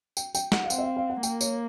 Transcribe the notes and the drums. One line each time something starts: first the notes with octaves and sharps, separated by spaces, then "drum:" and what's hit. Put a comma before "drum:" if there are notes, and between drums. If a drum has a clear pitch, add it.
G5, drum: tambourine
G5, drum: tambourine
F#5, drum: snare
F5
C4 F#5, drum: tambourine
E5
F5
F5
F#5
A#3 G5, drum: tambourine
C#5, drum: tambourine